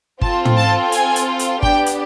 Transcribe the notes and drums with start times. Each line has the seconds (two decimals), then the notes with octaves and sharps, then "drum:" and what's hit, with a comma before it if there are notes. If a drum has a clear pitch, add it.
0.21 C4 F4 A4 A5, drum: kick G1
0.45 drum: tom
0.57 A5
0.92 G#5, drum: hi-hat
1.16 drum: hi-hat
1.39 drum: hi-hat
1.63 B3 D4 G4 G5, drum: kick G1
1.86 drum: hi-hat